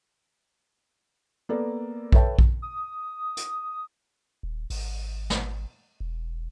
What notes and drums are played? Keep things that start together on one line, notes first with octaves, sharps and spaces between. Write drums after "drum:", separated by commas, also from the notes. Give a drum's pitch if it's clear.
A#3 B3 A4 A#4 D5
A4 B4 C#5 E5 G5 A5, drum: kick A#1
drum: kick A#1
D#6
drum: hi-hat
D#1
G#1, drum: open hi-hat
drum: snare
E1